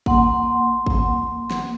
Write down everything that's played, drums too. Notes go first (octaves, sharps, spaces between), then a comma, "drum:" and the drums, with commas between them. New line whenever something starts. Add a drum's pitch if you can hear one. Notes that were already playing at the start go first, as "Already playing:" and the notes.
A#3 F#5 C6, drum: kick G#1
drum: kick G#1
drum: snare